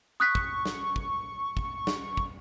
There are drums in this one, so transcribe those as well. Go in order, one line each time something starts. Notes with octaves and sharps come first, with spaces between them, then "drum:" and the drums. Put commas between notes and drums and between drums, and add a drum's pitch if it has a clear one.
C#6 D#6 F#6 B6
drum: kick
drum: snare
drum: kick
drum: kick
drum: snare
drum: kick